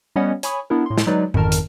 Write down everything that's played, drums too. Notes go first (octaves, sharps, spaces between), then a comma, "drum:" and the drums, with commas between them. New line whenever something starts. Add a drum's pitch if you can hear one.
G3 B3 C#4 C#5 D#5 F#5
C#5 G#5 B5 C#6 D#6, drum: hi-hat
B3 D4 E4 A#4
A2 C6
drum: snare
F#3 G#3 D#4 B4 D5
G1 F2 D#3 A#4 A5 F6, drum: tom G#2
drum: hi-hat